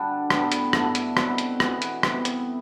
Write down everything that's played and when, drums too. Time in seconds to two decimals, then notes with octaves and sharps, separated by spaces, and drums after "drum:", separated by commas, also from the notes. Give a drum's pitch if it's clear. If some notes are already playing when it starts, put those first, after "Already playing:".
Already playing: D3 G3 D4 F#4
0.30 A2 G3 B3 D4, drum: rim click
0.52 drum: hi-hat
0.73 G2 D3 A3 E4, drum: rim click
0.95 drum: hi-hat
1.17 B2 G3 C4 F#4, drum: rim click
1.38 drum: hi-hat
1.60 E3 B3 F#4, drum: rim click
1.82 drum: hi-hat
2.03 C3 G3 B3, drum: rim click
2.25 drum: hi-hat